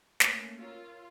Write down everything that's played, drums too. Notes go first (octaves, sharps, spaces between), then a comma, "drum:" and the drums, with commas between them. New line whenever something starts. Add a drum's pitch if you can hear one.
A3 A#3 C#4, drum: snare
F4 A#4 C#5 E6